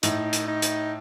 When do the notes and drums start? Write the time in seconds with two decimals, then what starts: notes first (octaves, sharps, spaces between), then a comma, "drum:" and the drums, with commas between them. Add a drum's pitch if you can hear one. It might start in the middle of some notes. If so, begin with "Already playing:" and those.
0.03 A2 D#4, drum: hi-hat
0.33 drum: hi-hat
0.48 D#4
0.62 drum: hi-hat